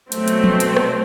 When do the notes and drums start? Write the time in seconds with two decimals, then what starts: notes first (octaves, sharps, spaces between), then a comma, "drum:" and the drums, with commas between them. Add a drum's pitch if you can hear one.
0.12 B2 F#3 A3 C4, drum: hi-hat
0.28 drum: hi-hat
0.44 drum: tom F3
0.60 drum: hi-hat
0.77 drum: rim click